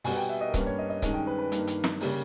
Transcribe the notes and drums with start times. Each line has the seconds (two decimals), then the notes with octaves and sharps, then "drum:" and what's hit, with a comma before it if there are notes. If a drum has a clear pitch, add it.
0.04 B2 G3 B3 G#5, drum: open hi-hat
0.17 G5
0.29 E5
0.41 D#5
0.48 A#4
0.54 G2 G3 A#3 C#4 B4, drum: kick C#1, hi-hat
0.66 C#5
0.79 D#5
0.90 D#5
1.02 G2 D#3 G#3 C#4 D#5, drum: kick C#1, hi-hat
1.14 G5
1.27 B4
1.38 B4
1.52 G2 D#3 A#3, drum: hi-hat
1.67 drum: hi-hat
1.84 drum: snare
2.00 C#3 G3 A#3, drum: open hi-hat